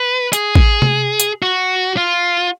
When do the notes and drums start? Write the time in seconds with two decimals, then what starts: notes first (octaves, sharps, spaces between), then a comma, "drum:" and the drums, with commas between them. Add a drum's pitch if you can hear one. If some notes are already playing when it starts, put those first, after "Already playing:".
Already playing: B4
0.33 G#4, drum: hi-hat
0.55 drum: kick
0.82 drum: tom C3
1.20 drum: hi-hat
1.42 F#4
1.97 F4